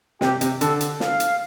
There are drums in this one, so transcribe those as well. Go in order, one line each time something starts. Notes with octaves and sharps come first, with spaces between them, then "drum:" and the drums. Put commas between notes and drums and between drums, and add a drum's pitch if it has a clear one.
C3 G4, drum: snare
C3, drum: hi-hat
D3 A4, drum: hi-hat
drum: hi-hat
F5, drum: snare
drum: hi-hat